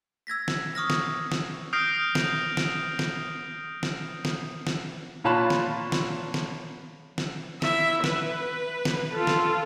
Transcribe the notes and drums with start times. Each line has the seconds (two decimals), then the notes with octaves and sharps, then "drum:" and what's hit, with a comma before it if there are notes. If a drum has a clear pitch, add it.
0.27 E6 G#6 A#6 B6
0.48 drum: snare
0.75 C#6 D#6 F6 A#6
0.90 drum: snare
1.32 drum: snare
1.73 D#6 F6 G6 A#6 C7 D7
2.15 drum: snare
2.57 drum: snare
2.99 drum: snare
3.83 drum: snare
4.25 drum: snare
4.67 drum: snare
5.24 A#2 F4 C#5 A5 B5 F#6
5.50 drum: snare
5.92 drum: snare
6.34 drum: snare
7.18 drum: snare
7.62 E4 E5, drum: snare
8.04 B4, drum: snare
8.85 drum: snare
9.14 F4 A4
9.27 drum: snare